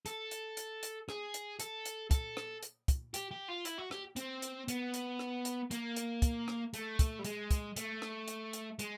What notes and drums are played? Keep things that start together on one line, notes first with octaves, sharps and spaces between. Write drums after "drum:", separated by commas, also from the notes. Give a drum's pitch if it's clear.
A4, drum: hi-hat
drum: hi-hat
drum: hi-hat
drum: hi-hat
G#4, drum: rim click
drum: hi-hat
A4, drum: hi-hat
drum: hi-hat
A4, drum: kick, hi-hat
drum: rim click
drum: hi-hat
drum: kick, hi-hat
G4, drum: hi-hat
G4
F4
E4, drum: hi-hat
F#4
G4, drum: rim click
C4, drum: hi-hat
drum: hi-hat
B3, drum: hi-hat
drum: hi-hat
drum: rim click
drum: hi-hat
A#3, drum: hi-hat
drum: hi-hat
drum: kick, hi-hat
drum: rim click
A3, drum: hi-hat
drum: kick, hi-hat
G3
G#3, drum: hi-hat
drum: kick, hi-hat
A3, drum: hi-hat
drum: rim click
drum: hi-hat
drum: hi-hat
G#3, drum: hi-hat